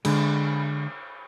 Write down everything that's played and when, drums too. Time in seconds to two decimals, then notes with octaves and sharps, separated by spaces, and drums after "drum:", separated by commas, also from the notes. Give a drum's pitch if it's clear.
0.05 D3 G#3, drum: cymbal